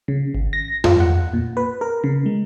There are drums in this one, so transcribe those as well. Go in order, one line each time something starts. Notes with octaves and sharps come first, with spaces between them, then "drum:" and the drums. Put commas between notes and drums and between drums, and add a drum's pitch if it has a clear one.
C#3
G#1
A#6
F4, drum: tom F2
F#5
A#2
B4
A#4
C#3
G#3